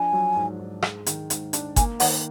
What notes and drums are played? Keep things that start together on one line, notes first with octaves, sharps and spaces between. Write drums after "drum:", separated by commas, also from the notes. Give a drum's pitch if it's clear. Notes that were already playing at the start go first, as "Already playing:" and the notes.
Already playing: F3 D4 G#5
F#3
G#2
G#2
G#3, drum: rim click
D#3, drum: hi-hat
G#2, drum: hi-hat
D4, drum: hi-hat
A#3 G#5, drum: kick G1, hi-hat
D#3 F#5, drum: open hi-hat